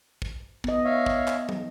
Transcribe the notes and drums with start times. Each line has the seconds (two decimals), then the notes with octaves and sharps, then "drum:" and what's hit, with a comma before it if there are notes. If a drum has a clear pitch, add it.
0.22 drum: kick
0.64 B3 D#5, drum: kick
0.85 C#5 E5 F5
1.06 drum: kick
1.28 drum: clap
1.49 drum: tom